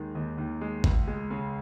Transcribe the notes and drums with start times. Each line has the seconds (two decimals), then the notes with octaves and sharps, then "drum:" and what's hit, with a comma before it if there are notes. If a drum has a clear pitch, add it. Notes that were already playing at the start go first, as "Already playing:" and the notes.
Already playing: D#2 D#3 G#3
0.15 D#2
0.38 D#2
0.61 G#3
0.84 C#2, drum: kick G#1
1.07 G#3
1.30 C#3